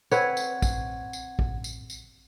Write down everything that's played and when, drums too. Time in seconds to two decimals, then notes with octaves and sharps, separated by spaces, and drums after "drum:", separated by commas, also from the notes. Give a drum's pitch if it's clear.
0.11 C4 B4 C#5 F#5 G#6, drum: tambourine
0.37 drum: tambourine
0.62 drum: kick, tambourine
1.13 drum: tambourine
1.39 drum: kick
1.64 drum: tambourine
1.90 drum: tambourine